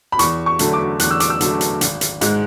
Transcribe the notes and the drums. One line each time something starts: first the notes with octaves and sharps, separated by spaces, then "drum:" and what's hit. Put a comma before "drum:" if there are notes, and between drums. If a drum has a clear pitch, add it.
B5
E2 C#6, drum: hi-hat
C#6
D3 F#3 A3, drum: hi-hat
D6
E2 F#6, drum: hi-hat
E6
D6, drum: hi-hat
E6
D3 F#3 A3, drum: hi-hat
drum: hi-hat
G#1, drum: hi-hat
drum: hi-hat
G#2 G#3, drum: hi-hat